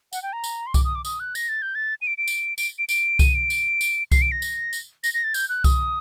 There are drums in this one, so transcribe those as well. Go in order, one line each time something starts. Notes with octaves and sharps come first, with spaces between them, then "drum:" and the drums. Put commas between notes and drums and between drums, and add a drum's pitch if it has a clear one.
F#5, drum: tambourine
G5
A#5
drum: tambourine
C6
D6, drum: kick C2, tambourine
D#6
D6
D#6, drum: tambourine
F#6
A#6, drum: tambourine
A6
G6
A6
D#7
D7
D7
drum: tambourine
D7, drum: tambourine
D7
D7, drum: tambourine
D#7, drum: kick C2, tambourine
D7
drum: tambourine
drum: tambourine
C7, drum: kick C2, tambourine
D7
A#6
drum: tambourine
drum: tambourine
A#6, drum: tambourine
A#6
A6
G6, drum: tambourine
F#6
D#6, drum: kick C2, tambourine